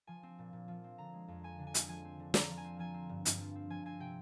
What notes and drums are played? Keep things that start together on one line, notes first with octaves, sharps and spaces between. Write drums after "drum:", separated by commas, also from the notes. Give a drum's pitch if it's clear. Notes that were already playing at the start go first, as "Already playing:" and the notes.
F3 G#5
C4
A#2
A#2
F3
C4
D3 A#5
G#3
F2
C4 G#5
D3
G#5
G#3, drum: hi-hat
F3 G#5
C4
D3
D3 A#5, drum: snare
F3
G#5
C4
F3 G#5
C4
G2
G2, drum: hi-hat
F3
C4
F3 G#5
C4 G#5
C3 G5